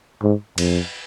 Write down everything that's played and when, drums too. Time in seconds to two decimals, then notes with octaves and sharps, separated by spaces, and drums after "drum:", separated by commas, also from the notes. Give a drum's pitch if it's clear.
0.23 G#2
0.58 F2, drum: cymbal